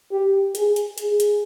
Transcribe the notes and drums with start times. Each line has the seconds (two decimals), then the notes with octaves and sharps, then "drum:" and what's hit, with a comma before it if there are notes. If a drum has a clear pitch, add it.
0.11 G4
0.55 G#4, drum: hi-hat
0.76 drum: hi-hat
0.98 G#4, drum: hi-hat
1.20 drum: hi-hat